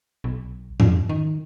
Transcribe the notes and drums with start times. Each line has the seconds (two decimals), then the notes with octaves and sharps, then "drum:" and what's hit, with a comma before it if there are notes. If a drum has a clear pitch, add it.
0.24 B1
0.80 F2, drum: tom G#2
1.09 D#3